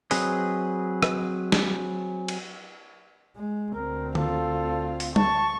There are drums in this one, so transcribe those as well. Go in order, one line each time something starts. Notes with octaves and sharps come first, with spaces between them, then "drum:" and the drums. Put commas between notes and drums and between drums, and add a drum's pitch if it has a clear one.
F#3 C4 G#4 B4 D#5, drum: open hi-hat
drum: rim click
drum: snare
drum: cymbal
G#3
D2 C4 A#4
F4 A4, drum: tom D3
drum: open hi-hat
A5 C#6, drum: tom G3